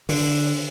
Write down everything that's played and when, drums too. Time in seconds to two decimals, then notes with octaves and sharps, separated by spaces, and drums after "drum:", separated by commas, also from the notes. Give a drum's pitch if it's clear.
0.09 D3, drum: open hi-hat